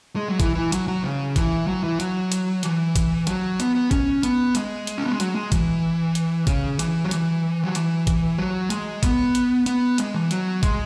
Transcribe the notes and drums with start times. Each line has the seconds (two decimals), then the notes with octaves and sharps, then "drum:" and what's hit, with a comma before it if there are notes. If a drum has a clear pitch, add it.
0.16 G#3
0.28 F#3
0.40 E3, drum: kick, hi-hat
0.55 E3
0.72 F#3, drum: hi-hat
0.88 F#3
1.03 C#3
1.36 E3, drum: kick, hi-hat
1.67 F#3
1.84 E3
2.00 F#3, drum: hi-hat
2.32 drum: hi-hat
2.63 E3, drum: hi-hat
2.96 drum: kick, hi-hat
3.27 F#3, drum: hi-hat
3.60 B3, drum: hi-hat
3.75 B3
3.91 C#4, drum: kick, hi-hat
4.23 B3, drum: hi-hat
4.55 G#3, drum: hi-hat
4.87 drum: hi-hat
4.98 C#4
5.05 B3
5.11 G#3
5.20 F#3, drum: hi-hat
5.35 G#3
5.52 E3, drum: kick, hi-hat
6.15 drum: hi-hat
6.47 C#3, drum: kick, hi-hat
6.79 E3, drum: hi-hat
7.05 F#3
7.11 E3, drum: hi-hat
7.64 F#3
7.75 E3, drum: hi-hat
8.07 drum: kick, hi-hat
8.38 F#3
8.70 G#3, drum: hi-hat
9.03 B3, drum: kick, hi-hat
9.35 drum: hi-hat
9.66 B3, drum: hi-hat
9.98 G#3, drum: hi-hat
10.14 E3
10.31 F#3, drum: hi-hat
10.63 G#3, drum: kick, hi-hat